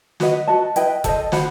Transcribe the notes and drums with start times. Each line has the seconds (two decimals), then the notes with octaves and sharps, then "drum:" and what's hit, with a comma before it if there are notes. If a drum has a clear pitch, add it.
0.20 F#4 B4 D#5 F#5, drum: snare
0.47 F#4 B4 D#5 A5
0.76 E4 B4 D#5 G5, drum: hi-hat
1.04 A4 C5 D#5, drum: kick F1, hi-hat
1.32 F#4 C5 F#5 B5, drum: snare